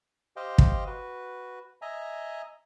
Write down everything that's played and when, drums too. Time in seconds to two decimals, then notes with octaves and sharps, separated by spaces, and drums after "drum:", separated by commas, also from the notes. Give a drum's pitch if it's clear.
0.36 G4 C5 D#5 F5 G5
0.58 drum: kick
0.86 F#4 B4
1.82 D#5 E5 G#5 A#5